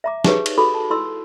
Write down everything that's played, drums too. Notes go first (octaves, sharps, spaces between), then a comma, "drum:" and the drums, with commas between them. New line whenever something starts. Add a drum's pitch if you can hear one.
E5 A#5 D6
D#4 G4 G#4 B4 C#5, drum: snare
drum: cymbal
F#4 A4 B5 D6
A5
E4 A4 C6 E6